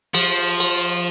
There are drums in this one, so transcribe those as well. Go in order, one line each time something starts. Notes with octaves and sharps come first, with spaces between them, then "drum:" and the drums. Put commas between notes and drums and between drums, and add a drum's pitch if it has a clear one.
F3, drum: cymbal
drum: cymbal